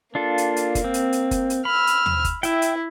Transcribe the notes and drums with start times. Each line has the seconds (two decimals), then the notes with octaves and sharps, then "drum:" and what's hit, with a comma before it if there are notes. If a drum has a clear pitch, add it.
0.15 A#3 D4 F4 A4
0.38 drum: hi-hat
0.56 drum: hi-hat
0.75 drum: kick F#1, hi-hat
0.84 C4
0.94 drum: hi-hat
1.13 drum: hi-hat
1.31 drum: kick F#1, hi-hat
1.50 drum: hi-hat
1.65 B5 E6 F6
1.87 drum: hi-hat
2.06 drum: tom D#2
2.25 drum: kick F#1, hi-hat
2.43 E4 E5 G5, drum: hi-hat
2.62 drum: hi-hat